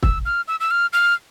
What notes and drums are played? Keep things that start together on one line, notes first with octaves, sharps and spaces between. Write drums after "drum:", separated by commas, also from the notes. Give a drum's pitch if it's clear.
E6, drum: kick
F6
E6
E6
F6
F6